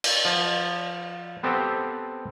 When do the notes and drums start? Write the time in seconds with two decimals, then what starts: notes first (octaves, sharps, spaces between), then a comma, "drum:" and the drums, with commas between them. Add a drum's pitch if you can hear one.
0.04 drum: cymbal
0.25 F3
1.43 B3 C4 G4 A4 C5